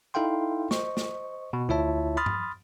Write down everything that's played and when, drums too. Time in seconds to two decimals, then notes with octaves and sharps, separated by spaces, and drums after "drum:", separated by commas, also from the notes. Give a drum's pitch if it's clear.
0.14 D#4 E4 A4 F5 G5 C6
0.71 C5 D#5 C#6, drum: snare
0.97 drum: snare
1.53 B2
1.69 D2 E4 F4 C#5 E5 A5
2.17 B5 C6 D#6 F6 A6
2.26 drum: tom